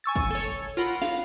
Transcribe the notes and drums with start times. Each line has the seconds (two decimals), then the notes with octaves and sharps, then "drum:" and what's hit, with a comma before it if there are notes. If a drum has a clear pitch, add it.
0.04 G#5 C#6 E6 A6
0.16 drum: kick, open hi-hat
0.31 A4 C#5
0.44 drum: hi-hat
0.77 F4 A#4 F#5 B5
1.02 F5, drum: snare